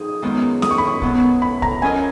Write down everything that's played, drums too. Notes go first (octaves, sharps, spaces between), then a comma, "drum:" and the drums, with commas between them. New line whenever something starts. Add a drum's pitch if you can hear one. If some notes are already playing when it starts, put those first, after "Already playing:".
Already playing: F3 D#4 G#4 D#6
F#2 D#3 G#3 B3 F4
D#6, drum: snare
C#6
B5
C#6
B2 F#3 B3 F#4, drum: kick
B5
A#5, drum: kick
F#3 C#4 F4 A#4 D#5 G#5